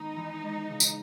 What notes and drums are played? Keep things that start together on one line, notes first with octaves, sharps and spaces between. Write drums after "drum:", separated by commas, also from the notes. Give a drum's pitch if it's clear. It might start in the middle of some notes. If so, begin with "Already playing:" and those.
Already playing: D#3 G#3 B3 D#4
E3
G#3
C#3
drum: tambourine